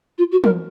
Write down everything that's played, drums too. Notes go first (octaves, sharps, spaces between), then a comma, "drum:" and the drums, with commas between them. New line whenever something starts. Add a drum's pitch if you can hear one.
F4
F#4
A#4, drum: tom